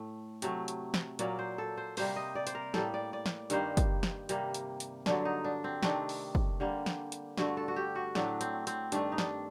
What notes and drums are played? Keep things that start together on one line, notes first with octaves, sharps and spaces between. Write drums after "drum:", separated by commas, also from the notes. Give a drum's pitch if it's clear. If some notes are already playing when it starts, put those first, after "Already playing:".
Already playing: A2 A3
C3 F#3 A3, drum: hi-hat
drum: hi-hat
drum: snare
A#2 F#3 A#3 D5, drum: hi-hat
C5
A4
C5
C3 G3 A#3 C5, drum: open hi-hat
D#5
D5
C5, drum: hi-hat
A#4
A2 G3 A#3 A4, drum: snare
D5
D5
drum: snare
G2 D#3 G3 A#3 C5, drum: hi-hat
drum: kick, hi-hat
drum: snare
C3 G3 A#3, drum: hi-hat
drum: hi-hat
drum: hi-hat
G2 D3 F#3 D4, drum: snare
D#4
D4
C4
C3 D#3 A3 D4, drum: snare
drum: open hi-hat
drum: kick
D3 G3 A#3
drum: snare
drum: hi-hat
G2 D3 A3 F#4, drum: snare
A4
F#4
G4
F#4
A2 F#3 A3 D4, drum: snare
C4, drum: hi-hat
C4, drum: hi-hat
G2 D#3 A3 D4, drum: hi-hat
D#4
D4, drum: snare